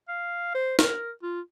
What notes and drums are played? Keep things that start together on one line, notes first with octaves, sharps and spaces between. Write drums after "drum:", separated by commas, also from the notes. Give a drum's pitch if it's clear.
F5
C5
A#4, drum: snare
F4